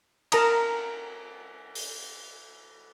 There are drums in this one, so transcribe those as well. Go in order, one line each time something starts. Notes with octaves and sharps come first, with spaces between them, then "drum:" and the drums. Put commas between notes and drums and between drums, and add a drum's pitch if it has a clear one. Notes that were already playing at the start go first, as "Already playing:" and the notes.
A#4 A5 A#5 D#6, drum: cymbal
drum: open hi-hat